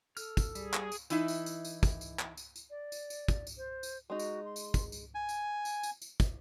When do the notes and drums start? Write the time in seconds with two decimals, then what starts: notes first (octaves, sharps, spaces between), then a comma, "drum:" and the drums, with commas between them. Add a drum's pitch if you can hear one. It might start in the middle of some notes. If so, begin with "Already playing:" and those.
0.17 A4 F6, drum: tambourine
0.37 drum: kick, tambourine
0.55 G3 G#4, drum: tambourine
0.74 drum: clap
0.92 drum: tambourine
1.10 E3 D#4 E4, drum: tambourine
1.28 drum: tambourine
1.46 drum: tambourine
1.65 drum: tambourine
1.83 drum: kick, tambourine
2.01 drum: tambourine
2.19 drum: clap
2.37 drum: tambourine
2.56 drum: tambourine
2.70 D5
2.92 drum: tambourine
3.10 drum: tambourine
3.28 drum: kick, tambourine
3.47 drum: tambourine
3.58 C5
3.83 drum: tambourine
4.10 G#3 D#4 F#4
4.19 drum: tambourine
4.45 C6
4.56 drum: tambourine
4.74 drum: kick, tambourine
4.92 drum: tambourine
5.15 G#5
5.29 drum: tambourine
5.65 drum: tambourine
5.83 drum: tambourine
6.02 drum: tambourine
6.20 drum: kick, tambourine